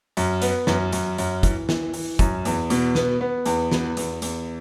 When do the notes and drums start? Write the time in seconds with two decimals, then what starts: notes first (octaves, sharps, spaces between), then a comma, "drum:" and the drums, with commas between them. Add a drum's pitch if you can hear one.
0.17 F#2, drum: hi-hat
0.42 B3, drum: hi-hat
0.67 F#2, drum: snare
0.93 F#2, drum: hi-hat
1.18 F#2, drum: hi-hat
1.43 E3, drum: kick, hi-hat
1.69 E3, drum: snare
1.94 E3, drum: open hi-hat
2.19 F#2, drum: kick, hi-hat
2.45 E2, drum: hi-hat
2.70 B2, drum: hi-hat
2.95 B3, drum: snare
3.21 B3
3.46 E2, drum: hi-hat
3.71 B3, drum: snare
3.97 E2, drum: hi-hat
4.22 E2, drum: hi-hat